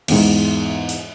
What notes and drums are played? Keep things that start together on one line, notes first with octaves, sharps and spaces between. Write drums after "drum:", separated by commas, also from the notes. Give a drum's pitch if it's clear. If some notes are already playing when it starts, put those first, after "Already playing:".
E2 G#2, drum: cymbal
drum: hi-hat